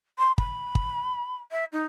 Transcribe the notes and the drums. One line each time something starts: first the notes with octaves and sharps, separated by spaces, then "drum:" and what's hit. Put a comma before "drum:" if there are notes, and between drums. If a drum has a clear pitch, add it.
C6
B5, drum: kick
drum: kick
E5
D#4